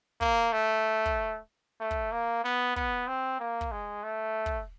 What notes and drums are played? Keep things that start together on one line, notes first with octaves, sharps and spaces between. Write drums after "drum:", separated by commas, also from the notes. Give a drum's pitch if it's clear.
A#3, drum: kick
A3
drum: kick
A3
drum: kick
A#3
B3
B3, drum: kick
C4
A#3
drum: kick
G#3
A3
drum: kick